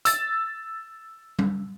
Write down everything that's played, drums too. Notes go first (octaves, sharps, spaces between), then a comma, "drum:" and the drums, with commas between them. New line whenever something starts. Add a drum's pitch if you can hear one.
E6 A6, drum: hi-hat
drum: tom G3